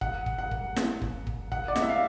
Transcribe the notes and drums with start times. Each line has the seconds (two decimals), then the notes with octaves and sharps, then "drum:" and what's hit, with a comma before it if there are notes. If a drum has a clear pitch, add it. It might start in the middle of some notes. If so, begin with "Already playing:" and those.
0.01 F#5, drum: kick
0.26 drum: kick
0.38 F#5
0.51 drum: kick
0.76 drum: snare
1.02 drum: kick
1.27 drum: kick
1.52 F#5, drum: kick
1.68 D5
1.76 D#5, drum: snare
1.82 E5
1.89 F5